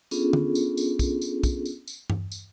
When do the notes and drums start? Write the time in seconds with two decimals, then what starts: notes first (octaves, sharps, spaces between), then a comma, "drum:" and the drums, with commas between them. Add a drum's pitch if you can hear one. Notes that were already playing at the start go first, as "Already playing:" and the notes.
0.11 B3 C#4 D4 F4 G#4 A4, drum: tambourine
0.33 drum: tom D3
0.55 drum: tambourine
0.77 drum: tambourine
0.99 drum: kick, tambourine
1.21 drum: tambourine
1.43 drum: kick, tambourine
1.66 drum: tambourine
1.88 drum: tambourine
2.10 drum: tom G2
2.32 drum: tambourine